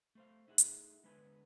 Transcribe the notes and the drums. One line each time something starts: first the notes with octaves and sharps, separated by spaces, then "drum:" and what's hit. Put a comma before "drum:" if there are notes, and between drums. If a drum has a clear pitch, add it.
A3 C5 F5
A3 D#4 E4 G#4 F#5
drum: hi-hat
D3 G#3 B3 B4 G#5